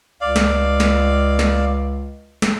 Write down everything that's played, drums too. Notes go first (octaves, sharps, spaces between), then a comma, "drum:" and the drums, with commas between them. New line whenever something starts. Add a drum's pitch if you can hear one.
C#2 D5 F5
drum: snare
drum: snare
drum: snare
drum: snare